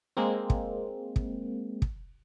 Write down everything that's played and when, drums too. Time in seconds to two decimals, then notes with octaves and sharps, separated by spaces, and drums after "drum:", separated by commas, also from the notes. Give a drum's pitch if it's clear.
0.17 G#3 A#3 C4
0.50 drum: kick
1.16 drum: kick
1.82 drum: kick